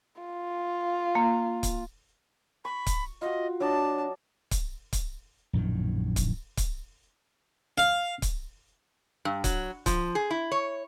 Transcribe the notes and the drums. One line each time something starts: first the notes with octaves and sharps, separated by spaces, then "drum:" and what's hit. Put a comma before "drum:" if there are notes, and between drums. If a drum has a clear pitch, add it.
F4
A#3
drum: kick C#1, hi-hat
B5 C#6
drum: kick C#1, hi-hat
F4 F#4 D#5
F#3 D4 D5 D#5 A5
drum: kick C#1, hi-hat
drum: kick C#1, hi-hat
A#1 F#2 A2 D#3
drum: kick C#1, hi-hat
drum: kick C#1, hi-hat
F5
drum: kick C#1, hi-hat
G2
F#3, drum: kick C#1, hi-hat
F3, drum: kick C#1, hi-hat
G#4
E4
C#5